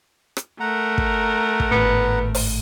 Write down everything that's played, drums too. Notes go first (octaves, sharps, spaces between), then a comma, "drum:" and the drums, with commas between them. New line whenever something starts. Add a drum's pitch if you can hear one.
drum: rim click
A3 A#4 F#5 A#5
drum: kick
drum: kick
G#1 A2 B3
drum: open hi-hat